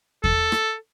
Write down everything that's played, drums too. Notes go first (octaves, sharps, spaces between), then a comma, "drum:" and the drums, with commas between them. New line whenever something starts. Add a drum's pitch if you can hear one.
A4, drum: kick E2
drum: rim click